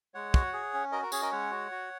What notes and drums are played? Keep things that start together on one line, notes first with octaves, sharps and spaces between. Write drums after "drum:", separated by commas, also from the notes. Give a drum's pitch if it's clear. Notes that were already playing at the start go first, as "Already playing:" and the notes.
G#3 C#5 F#5
F#4, drum: kick
G#4
C#4
F#4 A#4 D#5
A#4
C#4 G#4 C#5, drum: tambourine
A#4 D#5
G#3 C#5 F#5
F#4
F#4